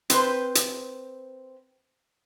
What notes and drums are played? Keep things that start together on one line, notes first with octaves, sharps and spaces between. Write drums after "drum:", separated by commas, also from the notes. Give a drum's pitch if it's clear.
C4 B4 C5, drum: hi-hat
drum: hi-hat